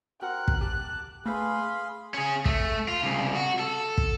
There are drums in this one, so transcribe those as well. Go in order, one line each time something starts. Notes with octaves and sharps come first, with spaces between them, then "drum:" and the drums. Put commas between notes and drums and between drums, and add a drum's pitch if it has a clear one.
C4 F#4 A#4 F#5 F#6
drum: kick
G4 A5 D6
A3 G#4 B4 F5 B5 C6
C#4 G#4
A3, drum: kick
F4
C2 C#3
F#4
A4
drum: kick